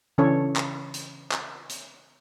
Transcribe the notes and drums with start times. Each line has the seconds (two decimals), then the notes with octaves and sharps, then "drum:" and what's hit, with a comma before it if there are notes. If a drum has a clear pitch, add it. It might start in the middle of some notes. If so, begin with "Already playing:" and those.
0.18 C#3 E3 C#4 D4 A4 C#5
0.56 drum: clap
0.94 drum: hi-hat
1.32 drum: clap
1.69 drum: hi-hat